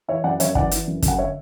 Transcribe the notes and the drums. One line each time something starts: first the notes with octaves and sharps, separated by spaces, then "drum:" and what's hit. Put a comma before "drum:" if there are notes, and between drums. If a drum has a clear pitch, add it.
E3 C#5 E5
F#2 D5 F#5
F#2 C#5 E5, drum: hi-hat
E3 D5 F#5, drum: kick
E3, drum: hi-hat
F#2
F#2, drum: kick, hi-hat
F#5
D3 C#5 E5